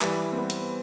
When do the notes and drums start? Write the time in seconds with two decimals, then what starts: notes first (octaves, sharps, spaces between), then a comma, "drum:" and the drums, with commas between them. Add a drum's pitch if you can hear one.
0.01 E3 G3, drum: clap
0.32 C4
0.38 G3 B3
0.50 drum: hi-hat